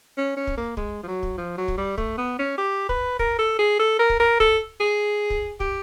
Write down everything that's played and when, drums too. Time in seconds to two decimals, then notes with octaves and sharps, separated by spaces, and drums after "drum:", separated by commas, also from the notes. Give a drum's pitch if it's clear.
0.18 C#4
0.37 C#4
0.47 drum: kick
0.57 A#3
0.77 G#3, drum: kick
1.03 F3
1.08 F#3
1.23 drum: kick
1.38 F3
1.58 F#3
1.68 drum: kick
1.78 G3
1.98 A3, drum: kick
2.18 B3
2.39 C#4
2.58 G4
2.89 B4, drum: kick
3.19 A#4, drum: kick
3.39 A4
3.59 G#4
3.79 A4
3.99 A#4
4.10 drum: kick
4.20 A#4
4.40 A4, drum: kick
4.80 G#4
5.30 drum: kick
5.60 G4, drum: kick